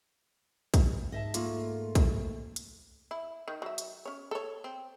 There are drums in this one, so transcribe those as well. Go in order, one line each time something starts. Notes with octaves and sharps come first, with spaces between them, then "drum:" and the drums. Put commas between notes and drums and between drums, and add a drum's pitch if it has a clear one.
drum: kick, hi-hat
G#2 D#5 E5 A5
A3 A#3 F4, drum: hi-hat
drum: kick, hi-hat
drum: hi-hat
E4
D#3
F#3 E5
drum: hi-hat
C#4 C#5
A4 C#5
C4